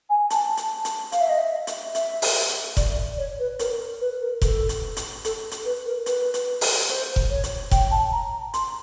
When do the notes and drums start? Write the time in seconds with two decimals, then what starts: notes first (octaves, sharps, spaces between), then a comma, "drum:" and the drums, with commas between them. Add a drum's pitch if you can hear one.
0.09 G#5
0.30 A5, drum: hi-hat
0.57 drum: hi-hat
0.85 drum: hi-hat
1.12 F5, drum: hi-hat
1.21 E5
1.29 D#5
1.38 E5
1.67 drum: hi-hat
1.95 E5, drum: hi-hat
2.22 drum: open hi-hat
2.49 drum: hi-hat
2.77 D5, drum: kick F1, hi-hat
2.97 D5
3.18 C#5
3.39 B4
3.59 A#4, drum: hi-hat
3.80 A#4
4.00 B4
4.21 A#4
4.42 A4, drum: kick F1, hi-hat
4.69 drum: hi-hat
4.97 drum: hi-hat
5.25 A4, drum: hi-hat
5.51 drum: hi-hat
5.65 B4
5.86 A#4
6.06 B4, drum: hi-hat
6.34 drum: hi-hat
6.61 drum: open hi-hat
6.89 C5, drum: hi-hat
7.16 drum: kick F1
7.30 C#5
7.44 drum: hi-hat
7.71 G5, drum: kick F1, hi-hat
7.91 A5
8.12 A#5
8.54 C6, drum: hi-hat